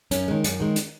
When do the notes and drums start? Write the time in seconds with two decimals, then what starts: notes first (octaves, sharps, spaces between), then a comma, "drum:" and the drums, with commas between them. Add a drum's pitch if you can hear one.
0.11 F#2 C#4, drum: hi-hat
0.28 D#3 G#3
0.44 F#2, drum: hi-hat
0.60 D#3 G#3
0.76 drum: hi-hat